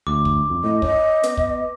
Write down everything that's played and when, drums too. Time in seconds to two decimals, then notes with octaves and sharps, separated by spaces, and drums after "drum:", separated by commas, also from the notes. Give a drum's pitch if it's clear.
0.07 D2 D6
0.25 drum: kick
0.50 F2
0.63 A2 D#5
0.82 C#4 D#5, drum: kick
1.23 B3, drum: hi-hat
1.37 drum: kick